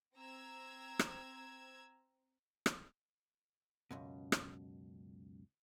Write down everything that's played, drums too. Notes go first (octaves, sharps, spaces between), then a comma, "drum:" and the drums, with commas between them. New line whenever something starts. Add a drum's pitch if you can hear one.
C4 A#5 E6 G#6
drum: rim click
drum: rim click
C#2 F#2 B2
drum: rim click